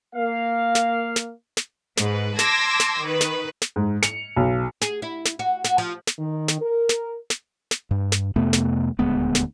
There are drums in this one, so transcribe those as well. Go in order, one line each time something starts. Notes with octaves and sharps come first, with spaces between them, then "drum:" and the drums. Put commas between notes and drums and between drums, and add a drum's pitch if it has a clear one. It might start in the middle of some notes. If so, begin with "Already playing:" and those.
A#3 F5
drum: snare
drum: snare
drum: snare
G#2 B4, drum: snare
A5 C6 D6 E6 G#6 A#6, drum: snare
drum: snare
D#3 B4
drum: snare
drum: snare
G#2
C#7 F7, drum: snare
B1
G#4, drum: snare
E4
drum: snare
F#4
F#4, drum: snare
F3
drum: snare
D#3
drum: snare
A#4
drum: snare
drum: snare
drum: snare
G2
drum: snare
F2 C3 A3 B3
drum: snare
D#1 D2 G#3 B3
drum: snare